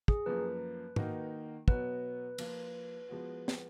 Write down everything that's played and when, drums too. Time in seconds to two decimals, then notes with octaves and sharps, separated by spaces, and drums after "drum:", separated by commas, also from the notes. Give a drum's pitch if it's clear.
0.08 G#4, drum: kick
0.26 F#2 F3 A#3 B4
0.96 D#3 A#3 D#4 F#4, drum: tom G#2
1.68 B2 F#3 B3 B4, drum: kick
2.38 F3 A#3 F4, drum: cymbal
3.09 F3 G#3 B3 F#4
3.48 drum: snare